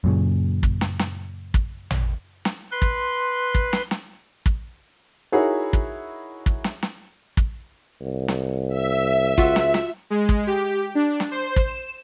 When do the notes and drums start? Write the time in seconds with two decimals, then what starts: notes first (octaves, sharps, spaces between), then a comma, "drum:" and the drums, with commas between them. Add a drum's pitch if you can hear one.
0.04 F#2 A#2 C#3
0.63 drum: kick
0.81 drum: snare
0.99 drum: snare
1.54 drum: kick
1.91 drum: tom A1
2.45 drum: snare
2.72 B4 C6
2.82 drum: kick
3.55 drum: kick
3.73 drum: snare
3.91 drum: snare
4.46 drum: kick
5.32 D#4 E4 F#4 G#4 A#4 C#5
5.73 drum: kick
6.46 drum: kick
6.64 drum: snare
6.83 drum: snare
7.37 drum: kick
8.01 C2
8.28 drum: snare
8.69 E5
9.38 C#2 F4 F#4, drum: kick
9.56 drum: snare
9.74 drum: snare
10.10 G#3
10.29 drum: kick
10.47 G4
10.95 D4
11.20 drum: snare
11.31 C5
11.56 drum: kick
11.67 E7